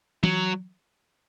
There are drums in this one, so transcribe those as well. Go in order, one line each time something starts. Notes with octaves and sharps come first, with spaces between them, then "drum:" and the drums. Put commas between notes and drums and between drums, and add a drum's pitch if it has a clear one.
F#3, drum: tom E3